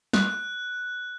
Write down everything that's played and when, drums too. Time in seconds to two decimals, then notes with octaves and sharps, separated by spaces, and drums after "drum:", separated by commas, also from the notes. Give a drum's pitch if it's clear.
0.13 F#6, drum: snare